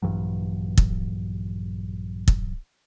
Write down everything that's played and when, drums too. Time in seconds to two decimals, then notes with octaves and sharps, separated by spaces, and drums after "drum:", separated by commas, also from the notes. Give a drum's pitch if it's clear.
0.02 A#1 G2 E3 F#3
0.77 drum: kick
2.28 drum: kick